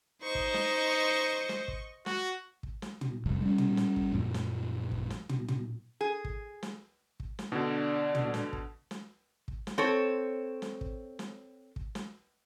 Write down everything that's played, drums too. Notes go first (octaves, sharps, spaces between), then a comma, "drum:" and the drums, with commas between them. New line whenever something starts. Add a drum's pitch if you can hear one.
D#4 C5 D#5 C#6
drum: kick
drum: snare
drum: snare
drum: kick
F#4, drum: snare
drum: kick
drum: snare
drum: tom
F1 C2 F2
G3 C#4
drum: tom
drum: snare
drum: kick
A#1 F#2 A#2 F3
drum: snare
drum: kick
drum: snare
drum: tom
drum: tom
G#4
drum: kick
drum: snare
drum: kick
drum: snare
B2 D3 D4
drum: tom
drum: snare
drum: kick
drum: snare
drum: kick
drum: snare
C4 A4 C#5
drum: snare
drum: kick
drum: snare
drum: kick
drum: snare